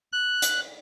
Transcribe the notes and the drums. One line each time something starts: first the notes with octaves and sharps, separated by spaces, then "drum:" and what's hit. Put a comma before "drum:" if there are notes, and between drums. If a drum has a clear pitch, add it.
F#6
drum: hi-hat